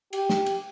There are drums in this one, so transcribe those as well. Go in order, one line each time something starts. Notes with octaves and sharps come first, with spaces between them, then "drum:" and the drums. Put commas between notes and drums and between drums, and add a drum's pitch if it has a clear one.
G4, drum: cymbal
drum: snare
drum: cymbal